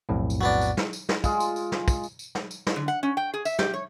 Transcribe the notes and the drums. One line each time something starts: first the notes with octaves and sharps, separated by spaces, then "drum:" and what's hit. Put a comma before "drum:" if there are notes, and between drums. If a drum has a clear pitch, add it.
B1 F2 A2
drum: tambourine
F#3 B3 D4
drum: tambourine
drum: snare
drum: tambourine
drum: snare
G#3 F4, drum: kick, tambourine
drum: tambourine
drum: tambourine
drum: snare
drum: kick, tambourine
drum: tambourine
drum: tambourine
drum: snare
drum: tambourine
drum: snare
D3
F#5
C#4
G5
G#4
E5, drum: tambourine
G4, drum: snare
C#5